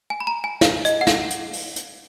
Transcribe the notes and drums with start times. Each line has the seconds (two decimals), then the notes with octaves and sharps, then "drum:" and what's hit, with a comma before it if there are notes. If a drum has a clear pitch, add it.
0.10 G#5
0.20 B5
0.27 A#5
0.44 G#5
0.61 F5, drum: snare
0.85 D#5, drum: hi-hat
1.01 F#5
1.07 F5, drum: snare
1.30 drum: hi-hat
1.53 drum: open hi-hat
1.76 drum: hi-hat